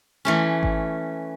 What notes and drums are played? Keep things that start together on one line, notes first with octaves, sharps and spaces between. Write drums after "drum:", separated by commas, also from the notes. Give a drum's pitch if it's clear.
E3 A3 C#4
drum: kick G#1